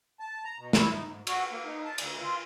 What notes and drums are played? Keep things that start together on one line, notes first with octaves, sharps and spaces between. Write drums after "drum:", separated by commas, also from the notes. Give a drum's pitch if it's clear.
A5
A#5
B2
E4, drum: snare
D#4
G#2
F#4, drum: cymbal
A#3
D#4
A5
D2, drum: cymbal
F4